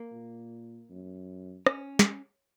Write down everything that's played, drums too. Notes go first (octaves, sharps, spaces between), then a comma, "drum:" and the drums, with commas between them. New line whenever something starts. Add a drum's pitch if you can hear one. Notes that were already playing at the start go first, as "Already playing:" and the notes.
Already playing: A#3
A#2
F#2
C#4, drum: rim click
drum: snare